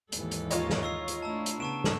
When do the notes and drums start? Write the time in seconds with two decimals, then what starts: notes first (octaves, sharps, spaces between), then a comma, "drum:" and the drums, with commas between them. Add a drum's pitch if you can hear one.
0.12 D#2 G#2 E3 A4, drum: hi-hat
0.31 drum: hi-hat
0.51 F4 C#5 D#5 A#5, drum: hi-hat
0.70 drum: snare
0.83 C#6 E6 C7
1.08 drum: hi-hat
1.22 A3 D4 E4 A5 A#5 E6
1.46 drum: hi-hat
1.60 C#3 B3 A5 C#6 D7 E7
1.84 drum: snare